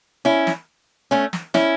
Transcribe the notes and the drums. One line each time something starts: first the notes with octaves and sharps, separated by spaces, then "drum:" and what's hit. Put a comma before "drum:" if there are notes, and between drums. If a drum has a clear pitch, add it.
C#4 E4
drum: snare
A3 C#4
drum: snare
C#4 E4, drum: snare